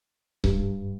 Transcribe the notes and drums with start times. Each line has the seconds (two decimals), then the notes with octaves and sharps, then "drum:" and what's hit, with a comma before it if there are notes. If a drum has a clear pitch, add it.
0.44 G2, drum: kick C#1